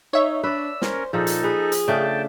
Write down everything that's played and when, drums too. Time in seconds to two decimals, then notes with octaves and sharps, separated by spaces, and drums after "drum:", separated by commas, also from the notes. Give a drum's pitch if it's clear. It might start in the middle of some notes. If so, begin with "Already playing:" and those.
0.13 D#4 C#5 E5
0.43 D4 B4 D5 E6
0.82 C#4 A#4 C5, drum: snare
1.13 A#2 F3 D#4 G#4 A4
1.27 drum: hi-hat
1.44 G#4 B4
1.72 drum: hi-hat
1.88 C#3 A3 D4 G5 A5